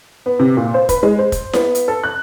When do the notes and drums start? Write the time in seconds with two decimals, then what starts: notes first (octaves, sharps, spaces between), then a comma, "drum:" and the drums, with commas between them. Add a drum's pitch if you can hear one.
0.26 B3
0.39 C3
0.57 A#2
0.74 C5
0.89 B4, drum: kick, hi-hat
1.03 G#3
1.19 C5
1.32 drum: kick, hi-hat
1.53 B3, drum: snare E4
1.75 drum: hi-hat
1.88 A4
2.03 F#6